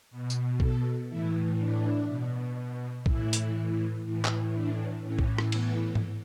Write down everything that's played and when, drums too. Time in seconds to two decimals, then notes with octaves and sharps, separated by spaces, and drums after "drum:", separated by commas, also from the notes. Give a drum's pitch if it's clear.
0.11 B2
0.30 drum: tambourine
0.60 A4, drum: kick A#1
1.09 A2 E3 E4
1.59 D4
2.07 B2
3.06 A2 E3 E4, drum: kick A#1
3.33 drum: hi-hat
4.05 A2 E3
4.25 drum: clap
4.54 D4
5.03 A2 E3 C#4
5.19 drum: kick A#1
5.38 drum: rim click
5.52 B3, drum: cymbal
5.95 drum: tom G#2